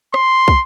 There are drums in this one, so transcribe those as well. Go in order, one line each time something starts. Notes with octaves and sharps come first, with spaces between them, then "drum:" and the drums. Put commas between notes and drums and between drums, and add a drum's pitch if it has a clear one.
C6, drum: rim click
drum: kick